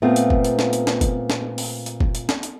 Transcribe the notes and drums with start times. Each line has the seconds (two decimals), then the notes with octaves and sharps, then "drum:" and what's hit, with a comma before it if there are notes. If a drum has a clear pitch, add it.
0.02 A#2 A3 B3 C4 F4
0.16 drum: hi-hat
0.30 drum: kick
0.44 drum: hi-hat
0.59 drum: snare
0.73 drum: hi-hat
0.87 drum: snare
1.01 drum: kick, hi-hat
1.30 drum: snare
1.58 drum: open hi-hat
1.86 drum: hi-hat
2.00 drum: kick
2.15 drum: hi-hat
2.29 drum: snare
2.43 drum: hi-hat